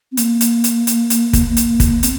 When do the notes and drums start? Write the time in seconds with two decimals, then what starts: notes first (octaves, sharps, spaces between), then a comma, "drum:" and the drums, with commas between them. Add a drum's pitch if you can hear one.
0.12 C4
0.17 A#3, drum: hi-hat
0.41 drum: hi-hat
0.64 drum: hi-hat
0.87 drum: hi-hat
1.10 drum: hi-hat
1.33 drum: kick, hi-hat
1.57 drum: hi-hat
1.80 drum: kick, hi-hat
2.03 C4, drum: hi-hat